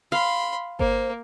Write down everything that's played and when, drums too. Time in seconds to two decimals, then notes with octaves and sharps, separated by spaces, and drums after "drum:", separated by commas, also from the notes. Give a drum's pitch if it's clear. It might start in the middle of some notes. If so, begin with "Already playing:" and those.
0.12 F5 B5 C6
0.79 A#3 C5, drum: kick G1